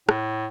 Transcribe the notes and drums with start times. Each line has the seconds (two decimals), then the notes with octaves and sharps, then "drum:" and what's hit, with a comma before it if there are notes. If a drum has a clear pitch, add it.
0.09 A2, drum: rim click